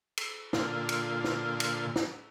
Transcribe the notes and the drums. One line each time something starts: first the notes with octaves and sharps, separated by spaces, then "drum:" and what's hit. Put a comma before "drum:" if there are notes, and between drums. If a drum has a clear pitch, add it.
drum: cymbal
A#2 D3 F4, drum: snare
drum: cymbal
drum: snare
drum: cymbal
drum: snare